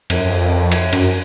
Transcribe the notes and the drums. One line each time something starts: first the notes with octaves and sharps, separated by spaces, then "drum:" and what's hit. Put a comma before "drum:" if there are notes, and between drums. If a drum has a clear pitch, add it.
F2, drum: cymbal
F#2
F2
drum: cymbal
F#2, drum: cymbal